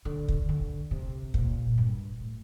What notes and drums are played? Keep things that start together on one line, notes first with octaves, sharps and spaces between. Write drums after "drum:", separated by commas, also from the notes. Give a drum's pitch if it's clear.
D3
drum: kick
D3
C3
A#2, drum: kick
G2
A2